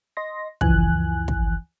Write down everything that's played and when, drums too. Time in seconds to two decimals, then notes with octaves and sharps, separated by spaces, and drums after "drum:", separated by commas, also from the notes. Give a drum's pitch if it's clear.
0.17 D#5 C6 A#6
0.61 C#2 F#2 E3 F3 G#5 F#6, drum: kick
1.28 drum: kick